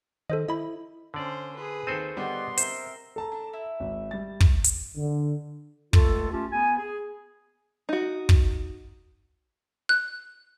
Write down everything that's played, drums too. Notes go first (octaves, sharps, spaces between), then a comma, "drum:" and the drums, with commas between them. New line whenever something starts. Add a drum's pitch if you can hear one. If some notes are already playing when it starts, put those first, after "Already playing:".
D#3 A4 C5 D#5
E4 D#5 B5
D3 C#4 C5 D5
G#4 B4
D#2 C4 A4 C5 D#7
D3 G3 B3 D5 D#5 F#5 C6
C4 A#4 C5 E5, drum: hi-hat
A4 A5 A#5
D4
E4
G#1
G3 A6
drum: kick
drum: hi-hat
D3
C#2 A3 F4 A4, drum: kick
A3 C#4 F4 G4 A5
B3 G#5
G#4
D#4 F#4
drum: kick
F#6